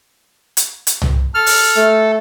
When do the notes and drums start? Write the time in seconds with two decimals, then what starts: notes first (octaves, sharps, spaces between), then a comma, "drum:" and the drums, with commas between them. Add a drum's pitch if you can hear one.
0.57 drum: hi-hat
0.87 drum: hi-hat
1.02 drum: tom
1.34 A4 F6
1.46 drum: open hi-hat
1.76 A3